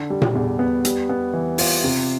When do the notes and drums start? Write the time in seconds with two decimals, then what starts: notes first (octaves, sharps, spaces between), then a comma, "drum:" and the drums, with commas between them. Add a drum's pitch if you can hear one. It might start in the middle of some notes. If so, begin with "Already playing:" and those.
Already playing: D3
0.10 G3
0.22 drum: tom A#2
0.35 E2
0.59 B3
0.85 G3, drum: hi-hat
1.09 B3
1.33 E3
1.58 F4, drum: open hi-hat
1.84 C3